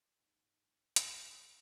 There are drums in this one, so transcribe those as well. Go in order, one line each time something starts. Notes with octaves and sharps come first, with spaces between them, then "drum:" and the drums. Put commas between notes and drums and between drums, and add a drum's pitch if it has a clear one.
A#1 G#2 D#3
A#1 A#2 F3 G#3 D#4, drum: hi-hat